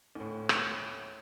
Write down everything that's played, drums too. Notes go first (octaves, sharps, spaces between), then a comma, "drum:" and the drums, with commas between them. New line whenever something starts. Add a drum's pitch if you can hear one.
D2 A2
drum: rim click